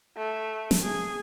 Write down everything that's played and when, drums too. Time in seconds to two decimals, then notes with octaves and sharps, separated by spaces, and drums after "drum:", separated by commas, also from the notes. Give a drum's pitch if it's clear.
0.17 A3
0.71 drum: snare
0.83 G#4